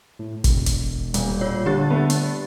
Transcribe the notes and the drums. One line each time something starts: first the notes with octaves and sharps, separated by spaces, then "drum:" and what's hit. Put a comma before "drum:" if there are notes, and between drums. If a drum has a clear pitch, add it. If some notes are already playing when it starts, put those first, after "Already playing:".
A2
E1, drum: kick, hi-hat
drum: hi-hat
D#1 G3, drum: hi-hat
F4 C#5
D3 G3 D4 G4 A6
A3 B3
drum: hi-hat